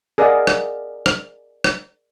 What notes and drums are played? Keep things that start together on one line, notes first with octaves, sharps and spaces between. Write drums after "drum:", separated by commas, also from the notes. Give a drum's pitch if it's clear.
G#4 A#4 D5 D#5 F5 F#5
drum: rim click
drum: rim click
drum: rim click